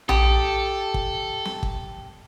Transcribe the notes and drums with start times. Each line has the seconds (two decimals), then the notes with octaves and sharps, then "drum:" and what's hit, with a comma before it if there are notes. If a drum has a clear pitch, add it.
0.09 G4 A4 D#6, drum: tom A#1
0.94 drum: kick
1.46 drum: snare
1.63 drum: kick